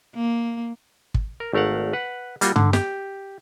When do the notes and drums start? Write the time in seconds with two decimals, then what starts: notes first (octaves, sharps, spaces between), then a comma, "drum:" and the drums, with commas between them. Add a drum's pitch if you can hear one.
0.14 A#3
1.14 drum: kick
1.40 A#4
1.53 G#1 A3 A#4 F5 F#5
1.93 B4 F#5
2.41 G3 A#3 F4 F#4, drum: hi-hat
2.56 D3, drum: tom G2
2.73 G4, drum: snare